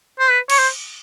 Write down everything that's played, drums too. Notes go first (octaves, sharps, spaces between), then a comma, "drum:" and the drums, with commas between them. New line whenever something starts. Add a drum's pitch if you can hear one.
C5
B4
C#5, drum: cymbal
C5